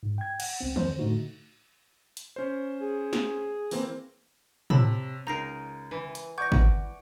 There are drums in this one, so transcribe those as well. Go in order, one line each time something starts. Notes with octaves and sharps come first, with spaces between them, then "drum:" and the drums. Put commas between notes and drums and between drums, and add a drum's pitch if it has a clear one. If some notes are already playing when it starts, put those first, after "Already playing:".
G#2
G5 G#6
F#5, drum: cymbal
C#2 C4
F2 C5, drum: tom D3
A2 D3 A3 D#4 F#4
drum: hi-hat
C#4 C5
G#4
drum: snare
E3 A#3 C4, drum: open hi-hat
C3 C#5 A5 B5 E6, drum: tom A2
C#2 D#4 A#4 A#5 A#6 C7
E3
drum: hi-hat
D5 F#5 C#6 D6 G6 G#6 A#6
drum: kick